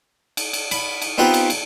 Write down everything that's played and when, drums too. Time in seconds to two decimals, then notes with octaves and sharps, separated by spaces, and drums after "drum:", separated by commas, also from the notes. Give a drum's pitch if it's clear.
0.37 drum: cymbal
0.53 drum: cymbal
0.71 B5, drum: cymbal
1.02 drum: cymbal
1.18 B3 C4 D#4 F4 G4 B4
1.34 drum: cymbal
1.50 drum: cymbal